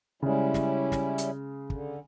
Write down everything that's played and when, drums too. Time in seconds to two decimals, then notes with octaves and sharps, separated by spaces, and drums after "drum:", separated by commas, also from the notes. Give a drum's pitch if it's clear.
0.22 C#3 G3 G#3 C#4 E4
0.54 drum: snare
0.92 drum: snare
1.18 drum: hi-hat
1.70 D3, drum: kick